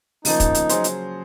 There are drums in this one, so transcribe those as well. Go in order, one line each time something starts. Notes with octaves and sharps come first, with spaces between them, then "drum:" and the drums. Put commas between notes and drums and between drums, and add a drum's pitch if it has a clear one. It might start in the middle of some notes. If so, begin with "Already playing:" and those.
C#3 F3 A#3 D#4, drum: open hi-hat
drum: kick, hi-hat
drum: hi-hat
F#3 C#4 G#4 C5, drum: hi-hat
drum: hi-hat